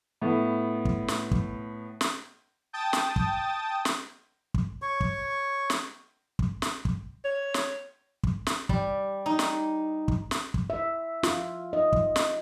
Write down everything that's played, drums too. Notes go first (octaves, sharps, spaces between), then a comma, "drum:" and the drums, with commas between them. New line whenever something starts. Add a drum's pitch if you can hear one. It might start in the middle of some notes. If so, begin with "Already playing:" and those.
A2 B3
drum: kick
drum: snare
drum: kick
drum: snare
G5 A5 D#6 A6
drum: snare
drum: kick
drum: snare
drum: kick
C#5 C#6
drum: kick
drum: snare
drum: kick
drum: snare
drum: kick
C#5
drum: snare
drum: kick
drum: snare
G3, drum: kick
D#4
drum: snare
drum: kick
drum: snare
drum: kick
E5
F4, drum: snare
D#5
drum: kick
drum: snare